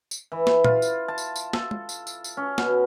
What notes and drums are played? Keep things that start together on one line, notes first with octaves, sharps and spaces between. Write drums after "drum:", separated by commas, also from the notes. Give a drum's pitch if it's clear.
drum: tambourine
E3
drum: snare
F4, drum: tom A#2
drum: tambourine
A5
drum: tambourine
drum: tambourine
A4, drum: snare
drum: tom
drum: tambourine
drum: tambourine
drum: tambourine
C#4
B2, drum: snare